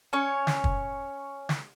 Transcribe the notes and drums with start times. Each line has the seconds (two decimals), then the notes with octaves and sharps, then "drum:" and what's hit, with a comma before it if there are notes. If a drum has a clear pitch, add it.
0.13 C#4 C#5
0.47 drum: snare
0.64 drum: kick
1.49 drum: snare